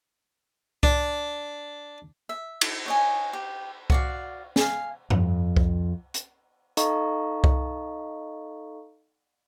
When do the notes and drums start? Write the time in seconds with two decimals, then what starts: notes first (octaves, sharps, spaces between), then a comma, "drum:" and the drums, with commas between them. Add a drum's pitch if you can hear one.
0.83 D4, drum: kick C2
2.29 E5
2.61 drum: cymbal
2.86 C#5 D#5 G#5
3.33 G4
3.90 F#4 D5 F5, drum: kick C2
4.56 F5 G#5, drum: snare
5.10 F2, drum: tom G2
5.57 drum: kick C2
6.14 drum: hi-hat
6.77 D#4 A4 D#5 F5 A#5 C#6, drum: hi-hat
7.44 drum: kick C2